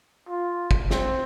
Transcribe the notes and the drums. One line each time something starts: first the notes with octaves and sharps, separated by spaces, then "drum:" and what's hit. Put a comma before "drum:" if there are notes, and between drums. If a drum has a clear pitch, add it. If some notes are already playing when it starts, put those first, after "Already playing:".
F4
drum: kick
C4, drum: snare